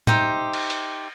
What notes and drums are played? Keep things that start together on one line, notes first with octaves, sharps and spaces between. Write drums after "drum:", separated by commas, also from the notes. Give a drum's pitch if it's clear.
D#4 G4 C5 E5, drum: tom A2
drum: cymbal
drum: hi-hat